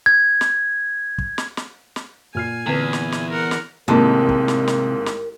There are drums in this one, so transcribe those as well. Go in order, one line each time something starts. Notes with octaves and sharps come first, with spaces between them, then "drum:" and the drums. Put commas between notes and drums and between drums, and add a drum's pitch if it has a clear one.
G#6
drum: snare
drum: kick
drum: snare
drum: snare
drum: snare
A#2 G#5 F6 C7
E2 D3 C4 B4
drum: snare
drum: snare
A#4 F#5
drum: snare
A1 G#2 C3 D#3 A#3 A4 A#4 A5
drum: kick
drum: snare
drum: snare
drum: snare